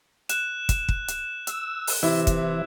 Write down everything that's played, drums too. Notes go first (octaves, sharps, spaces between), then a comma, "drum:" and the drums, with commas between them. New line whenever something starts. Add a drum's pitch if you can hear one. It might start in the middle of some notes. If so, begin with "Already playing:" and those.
F#6 E7, drum: hi-hat
drum: kick, hi-hat
drum: kick
drum: hi-hat
E6, drum: hi-hat
drum: open hi-hat
C3 E3 E4
drum: kick, hi-hat